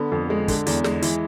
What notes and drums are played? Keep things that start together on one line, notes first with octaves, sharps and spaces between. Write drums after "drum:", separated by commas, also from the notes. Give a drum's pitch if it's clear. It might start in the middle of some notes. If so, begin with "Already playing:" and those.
Already playing: D3 B3
F2
G#3
D3, drum: kick, hi-hat
E2, drum: hi-hat
G#3, drum: snare
E3, drum: hi-hat